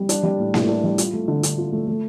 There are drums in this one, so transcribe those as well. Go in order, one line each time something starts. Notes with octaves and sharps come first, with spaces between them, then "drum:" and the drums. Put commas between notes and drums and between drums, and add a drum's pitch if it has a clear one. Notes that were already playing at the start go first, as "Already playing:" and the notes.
Already playing: G3
D4, drum: hi-hat
G3
A2
A2, drum: snare A#3
D4
G3
F4, drum: hi-hat
A3
D3
D3, drum: hi-hat
F4
A3
A3